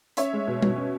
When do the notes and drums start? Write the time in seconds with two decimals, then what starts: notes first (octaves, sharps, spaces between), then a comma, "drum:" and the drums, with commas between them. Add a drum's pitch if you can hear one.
0.17 C#4 C#5 E5, drum: hi-hat
0.33 G#3
0.47 B2
0.62 B2, drum: tom G3
0.76 C#4